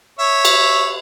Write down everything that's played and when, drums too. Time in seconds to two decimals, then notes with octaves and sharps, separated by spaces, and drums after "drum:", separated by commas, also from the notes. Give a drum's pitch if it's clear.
0.19 C#5 E5
0.45 drum: cymbal